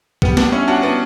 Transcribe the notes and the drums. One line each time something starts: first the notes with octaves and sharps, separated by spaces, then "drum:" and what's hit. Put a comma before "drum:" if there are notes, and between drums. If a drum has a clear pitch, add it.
G3 B3, drum: kick
B3 D4, drum: snare
C#4 E4
D4 F#4
B3 D4